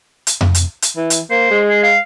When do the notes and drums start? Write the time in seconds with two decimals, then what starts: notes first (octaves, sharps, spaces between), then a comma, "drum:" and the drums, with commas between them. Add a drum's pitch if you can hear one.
0.27 drum: hi-hat
0.41 drum: tom F2
0.55 drum: hi-hat
0.82 drum: hi-hat
0.96 E3
1.10 drum: hi-hat
1.30 A#3 C5
1.50 G#3
1.69 G#4
1.83 F5